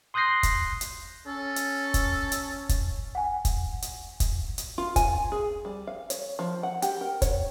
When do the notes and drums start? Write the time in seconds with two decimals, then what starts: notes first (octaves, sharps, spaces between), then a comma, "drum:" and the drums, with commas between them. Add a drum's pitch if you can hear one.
0.14 C6 D#6 F#6 G6 A#6 C7
0.43 drum: kick, hi-hat
0.81 drum: hi-hat
1.27 C#4 A4
1.56 drum: hi-hat
1.94 drum: kick, hi-hat
2.32 drum: hi-hat
2.69 drum: kick, hi-hat
3.15 F#5 G#5
3.45 drum: kick, hi-hat
3.82 drum: hi-hat
4.20 drum: kick, hi-hat
4.58 drum: hi-hat
4.78 F4
4.96 G#5, drum: kick, hi-hat
5.32 G#4
5.65 G3
5.87 F5
6.10 C#5, drum: hi-hat
6.39 F3
6.63 F#5
6.82 G4, drum: hi-hat
7.01 A#4
7.22 C#5, drum: kick, hi-hat